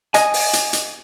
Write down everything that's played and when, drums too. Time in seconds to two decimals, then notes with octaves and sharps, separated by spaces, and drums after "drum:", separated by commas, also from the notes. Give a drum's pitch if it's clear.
0.14 D#5 G#5, drum: hi-hat
0.34 drum: open hi-hat
0.53 drum: hi-hat
0.73 drum: hi-hat